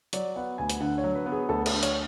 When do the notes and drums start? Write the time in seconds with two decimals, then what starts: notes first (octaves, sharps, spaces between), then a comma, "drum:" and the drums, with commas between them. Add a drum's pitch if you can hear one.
0.13 F#3 D5, drum: hi-hat
0.36 B3 F#5
0.58 D2 G#5
0.69 drum: hi-hat
0.80 D3 F#5
0.98 C#5
1.04 F#3
1.15 B4
1.26 B3
1.32 G#4
1.49 D2 A4
1.66 A4, drum: cymbal
1.72 D3
1.83 C#5, drum: hi-hat